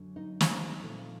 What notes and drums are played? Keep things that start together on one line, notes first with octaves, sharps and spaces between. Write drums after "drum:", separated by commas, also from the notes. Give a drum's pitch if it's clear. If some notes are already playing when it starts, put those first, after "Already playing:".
Already playing: F#2 D3 F#3
D#4
drum: snare
A#2 F3 A3 C4